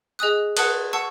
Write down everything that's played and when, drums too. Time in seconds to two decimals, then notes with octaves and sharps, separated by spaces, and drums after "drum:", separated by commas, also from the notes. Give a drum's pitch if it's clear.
0.19 G#4 D#5 G#5 D#6 F#6
0.57 B4 F#5 A5 D#6 F#6, drum: cymbal
0.93 F#5 A5 C#6 E6